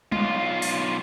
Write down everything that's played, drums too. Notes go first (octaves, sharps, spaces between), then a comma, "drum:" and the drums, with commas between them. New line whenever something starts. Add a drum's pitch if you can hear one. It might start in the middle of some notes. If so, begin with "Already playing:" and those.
B1 F4, drum: tom G3
drum: open hi-hat